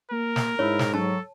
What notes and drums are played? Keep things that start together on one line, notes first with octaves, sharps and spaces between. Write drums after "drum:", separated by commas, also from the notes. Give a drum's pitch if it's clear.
A#3 A#4
drum: snare
G#2 E4 C#5
drum: snare
F#3 A4 A5